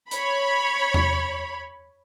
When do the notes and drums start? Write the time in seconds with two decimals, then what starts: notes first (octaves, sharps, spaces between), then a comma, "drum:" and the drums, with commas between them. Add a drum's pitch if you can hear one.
0.11 C#5 B5, drum: hi-hat
0.94 drum: tom E2